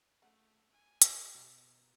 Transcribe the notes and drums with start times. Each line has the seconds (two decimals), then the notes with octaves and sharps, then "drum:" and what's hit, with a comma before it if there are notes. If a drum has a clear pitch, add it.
0.22 C#3 F3 A3 F#5
0.71 G#5
1.02 A3 A#3, drum: hi-hat
1.35 B2 G3 B3 D#4 A#5